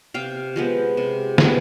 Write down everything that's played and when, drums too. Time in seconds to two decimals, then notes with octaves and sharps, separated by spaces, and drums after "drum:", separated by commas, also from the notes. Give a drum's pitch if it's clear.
0.14 C3 F5 G5
0.56 F3 G#3 B3
0.97 C3
1.38 F3 G#3 B3, drum: snare